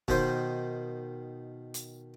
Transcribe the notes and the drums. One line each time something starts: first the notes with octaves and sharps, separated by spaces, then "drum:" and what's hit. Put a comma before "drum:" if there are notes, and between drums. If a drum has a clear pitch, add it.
B2 D#3 C5, drum: kick
drum: hi-hat